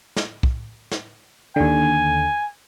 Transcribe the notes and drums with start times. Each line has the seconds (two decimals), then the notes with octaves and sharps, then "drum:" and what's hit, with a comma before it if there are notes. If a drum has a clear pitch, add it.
0.16 drum: snare
0.43 drum: kick
0.91 drum: snare
1.56 D#2 D3 G#5